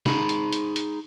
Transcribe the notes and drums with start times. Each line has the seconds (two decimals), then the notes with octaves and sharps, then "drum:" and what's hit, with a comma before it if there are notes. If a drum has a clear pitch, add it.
0.06 D#4 G#4 B5, drum: snare
0.29 drum: hi-hat
0.53 drum: hi-hat
0.76 drum: hi-hat